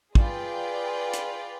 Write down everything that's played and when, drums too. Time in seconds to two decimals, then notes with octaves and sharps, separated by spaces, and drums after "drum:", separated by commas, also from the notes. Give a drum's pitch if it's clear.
0.15 F4 G#4 B4 D5 G5, drum: kick
1.14 drum: hi-hat